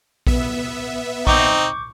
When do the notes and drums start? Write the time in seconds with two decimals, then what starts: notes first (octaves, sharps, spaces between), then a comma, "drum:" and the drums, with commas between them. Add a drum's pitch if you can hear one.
0.27 B3 E5, drum: kick A#1
1.27 C4 D#4 C#6 D6 G6, drum: kick A#1